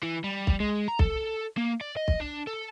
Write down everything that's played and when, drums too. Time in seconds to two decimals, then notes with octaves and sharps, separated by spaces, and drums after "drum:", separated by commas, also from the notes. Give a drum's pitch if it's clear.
0.03 E3
0.24 G3
0.47 drum: kick
0.60 G#3
0.88 A#5
0.99 A4, drum: kick
1.58 A#3
1.81 D5
1.97 D#5
2.08 drum: kick
2.20 D4
2.47 A4